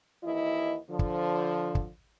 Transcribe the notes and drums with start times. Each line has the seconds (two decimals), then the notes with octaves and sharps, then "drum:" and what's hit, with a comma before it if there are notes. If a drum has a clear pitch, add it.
0.23 D#2 E3 E4 D#5
0.90 D3 F3
0.99 drum: kick
1.75 drum: kick